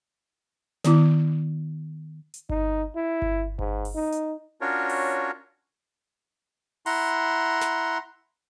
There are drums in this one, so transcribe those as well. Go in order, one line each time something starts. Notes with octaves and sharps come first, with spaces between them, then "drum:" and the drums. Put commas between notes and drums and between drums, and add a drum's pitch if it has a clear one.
D#3 B3 E4, drum: snare
drum: hi-hat
D#4, drum: kick G1
E4
drum: kick G1
G#2, drum: kick G1
drum: open hi-hat
D#4
drum: hi-hat
C#4 D4 F4 F#4 A#4 C#5
drum: open hi-hat
E4 F#5 A#5 C6, drum: open hi-hat
drum: snare